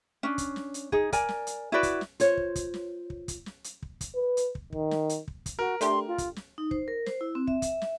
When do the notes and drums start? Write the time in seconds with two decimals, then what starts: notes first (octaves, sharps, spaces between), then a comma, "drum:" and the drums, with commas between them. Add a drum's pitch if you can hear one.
0.23 C#4 D4
0.38 drum: kick, hi-hat
0.56 drum: snare
0.74 drum: hi-hat
0.92 D#4 G#4, drum: kick
1.13 A#4 D5 G#5, drum: kick, hi-hat
1.29 drum: snare
1.47 drum: hi-hat
1.72 E4 F#4 B4 D5
1.83 drum: kick, hi-hat
2.01 drum: snare
2.20 F4 C5 C#5, drum: hi-hat
2.37 drum: kick
2.56 drum: kick, hi-hat
2.74 drum: snare
3.10 drum: kick
3.28 drum: kick, hi-hat
3.46 drum: snare
3.64 drum: hi-hat
3.82 drum: kick
4.01 drum: kick, hi-hat
4.15 B4
4.37 drum: hi-hat
4.55 drum: kick
4.72 D#3, drum: kick
4.91 drum: snare
5.09 drum: hi-hat
5.28 drum: kick
5.46 drum: kick, hi-hat
5.59 F#4 A#4
5.81 A3 D4 G4 C6, drum: hi-hat
6.08 F4
6.18 drum: kick, hi-hat
6.36 drum: snare
6.58 D#4
6.71 C5, drum: kick
6.88 A#4
7.06 C5, drum: snare
7.21 E4
7.35 C4
7.47 E5, drum: kick
7.62 E5, drum: kick, hi-hat
7.82 drum: snare